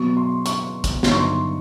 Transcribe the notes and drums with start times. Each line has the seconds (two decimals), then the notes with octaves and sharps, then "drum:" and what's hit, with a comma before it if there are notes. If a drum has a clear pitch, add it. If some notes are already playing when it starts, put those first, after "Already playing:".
Already playing: B2 F#3 B3 C#6
0.17 C6
0.46 C#6, drum: hi-hat
0.84 drum: kick, hi-hat
1.03 G2 D3 F#3 B3 D#4 C6, drum: snare
1.12 C#6
1.19 C6